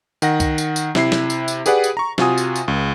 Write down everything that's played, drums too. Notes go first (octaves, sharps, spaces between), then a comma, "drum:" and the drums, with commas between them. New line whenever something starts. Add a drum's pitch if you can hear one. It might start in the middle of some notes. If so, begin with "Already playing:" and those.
D#3 F#5 A#6, drum: tambourine
drum: kick C2, tambourine
drum: tambourine
drum: tambourine
C3 E4 C7, drum: snare
drum: snare
drum: tambourine
drum: tambourine
G4 G#4 B4 D5 F#5, drum: tambourine
drum: tambourine
A#5 C#6
C3 F4 F#4 G#5 D#6, drum: snare
drum: tambourine
drum: tambourine
C#2